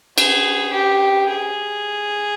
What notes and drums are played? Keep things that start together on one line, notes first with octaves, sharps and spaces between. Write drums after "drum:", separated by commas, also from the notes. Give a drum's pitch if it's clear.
G#4, drum: cymbal
G4
G#4